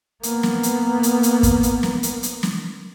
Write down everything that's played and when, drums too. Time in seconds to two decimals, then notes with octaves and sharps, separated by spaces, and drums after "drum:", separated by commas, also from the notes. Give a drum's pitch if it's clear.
0.23 A#3 B3, drum: hi-hat
0.43 drum: snare
0.63 drum: hi-hat
1.03 drum: hi-hat
1.23 drum: hi-hat
1.43 drum: kick, hi-hat
1.63 drum: hi-hat
1.83 drum: snare
2.03 drum: hi-hat
2.23 drum: hi-hat
2.43 drum: snare